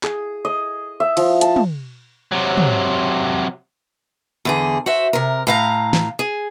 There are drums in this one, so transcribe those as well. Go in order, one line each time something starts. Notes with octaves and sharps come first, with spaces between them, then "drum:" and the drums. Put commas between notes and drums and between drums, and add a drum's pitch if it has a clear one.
G#4, drum: clap
D#5
E5
F3, drum: cymbal
A5, drum: hi-hat
drum: tom
C3 F#3
drum: tom
E2 D3 G#4
F#4 C5 E5
C3 A#4
A2 F5 A#5
drum: snare
G#4